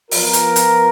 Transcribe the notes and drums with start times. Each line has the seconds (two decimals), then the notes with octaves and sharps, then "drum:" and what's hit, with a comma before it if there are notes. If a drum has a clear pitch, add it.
0.11 F3 B3 F4 A#4, drum: open hi-hat
0.33 drum: hi-hat
0.56 drum: hi-hat